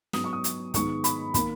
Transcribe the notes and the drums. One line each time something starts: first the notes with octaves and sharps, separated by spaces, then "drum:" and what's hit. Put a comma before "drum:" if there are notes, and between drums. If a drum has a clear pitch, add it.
G#2 F#3 B3 D#6, drum: snare
C#6
D#6
drum: hi-hat
G#2 D#3 G#3 B3 C#6, drum: kick, hi-hat
B5, drum: hi-hat
D#3 A#3 B5, drum: kick, hi-hat